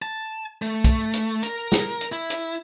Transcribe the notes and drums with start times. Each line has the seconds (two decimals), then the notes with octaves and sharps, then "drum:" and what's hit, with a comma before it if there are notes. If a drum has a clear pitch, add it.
0.02 A5
0.62 A3
0.84 drum: kick, hi-hat
1.14 drum: hi-hat
1.43 A#4, drum: hi-hat
1.72 drum: snare
2.01 drum: hi-hat
2.12 E4
2.30 drum: hi-hat